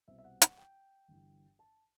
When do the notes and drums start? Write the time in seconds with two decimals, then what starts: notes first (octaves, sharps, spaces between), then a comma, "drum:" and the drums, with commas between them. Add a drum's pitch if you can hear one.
0.08 C2 B2 G3 C4 E5
0.18 E5
0.24 F#5
0.42 F#5, drum: hi-hat
0.58 G5
1.08 G1 G2 E3
1.59 A5